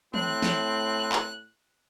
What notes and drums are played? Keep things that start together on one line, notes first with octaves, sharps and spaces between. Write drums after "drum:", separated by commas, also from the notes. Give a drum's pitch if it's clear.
A2 C4 F#6, drum: tom
drum: snare
drum: clap